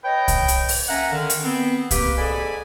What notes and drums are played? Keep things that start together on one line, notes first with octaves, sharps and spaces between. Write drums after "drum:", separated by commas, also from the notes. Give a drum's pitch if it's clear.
B4 C#5 D#5 G5
drum: kick C2, hi-hat
drum: hi-hat
drum: open hi-hat
A#3 C#4 E5 F#5 G#5 A#5
D3 D#3
drum: hi-hat
B3 C4
A#3 G4 B4, drum: kick C2, hi-hat
G#2 G#4 A4 D5 G#5 B5